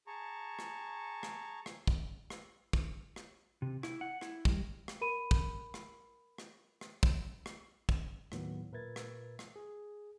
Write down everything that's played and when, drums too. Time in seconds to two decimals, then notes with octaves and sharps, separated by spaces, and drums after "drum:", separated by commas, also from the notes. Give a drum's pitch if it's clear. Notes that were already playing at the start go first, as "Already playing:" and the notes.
0.07 G#4 A5 A#5 C#6
0.59 drum: rim click
1.23 drum: rim click
1.66 drum: rim click
1.87 drum: kick
2.30 drum: rim click
2.73 drum: kick
3.16 drum: rim click
3.62 C3
3.83 E4, drum: rim click
4.01 F#5
4.21 E4, drum: rim click
4.45 G3, drum: kick
4.88 drum: rim click
5.01 A#4 B5 D#7
5.31 drum: kick
5.74 drum: rim click
6.38 drum: rim click
6.81 drum: rim click
7.03 drum: kick
7.46 drum: rim click
7.89 drum: kick
8.32 D#2 A2 D#3 F#3 B3, drum: rim click
8.72 A#2 A#4 B4 E5 G#6 A6
8.96 drum: rim click
9.39 drum: rim click
9.56 G#4